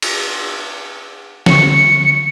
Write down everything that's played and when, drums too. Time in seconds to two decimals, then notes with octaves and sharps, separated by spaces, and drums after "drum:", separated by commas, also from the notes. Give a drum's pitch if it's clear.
0.02 drum: cymbal
1.46 D3 C#6 C#7, drum: snare